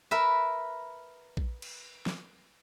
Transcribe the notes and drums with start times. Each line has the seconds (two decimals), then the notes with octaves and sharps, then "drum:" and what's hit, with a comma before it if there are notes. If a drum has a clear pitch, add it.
0.11 A#4 B4 E5
1.37 drum: kick A#1
1.62 drum: cymbal
2.06 drum: snare